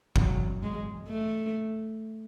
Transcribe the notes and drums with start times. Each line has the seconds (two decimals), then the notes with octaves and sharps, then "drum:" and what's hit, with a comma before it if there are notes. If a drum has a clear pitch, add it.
0.16 F#3, drum: kick G1
0.63 G#3
1.09 A3